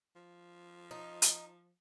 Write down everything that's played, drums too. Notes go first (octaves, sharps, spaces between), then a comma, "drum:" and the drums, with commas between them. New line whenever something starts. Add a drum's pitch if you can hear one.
F3
D#4
drum: hi-hat